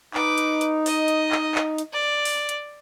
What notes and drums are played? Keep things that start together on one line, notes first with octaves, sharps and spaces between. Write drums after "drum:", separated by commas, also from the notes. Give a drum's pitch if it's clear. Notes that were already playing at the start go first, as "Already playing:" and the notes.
D#4 B4 D6, drum: clap
drum: hi-hat
drum: hi-hat
D#5, drum: open hi-hat
drum: hi-hat
drum: clap
drum: clap
drum: hi-hat
D5
drum: open hi-hat
drum: hi-hat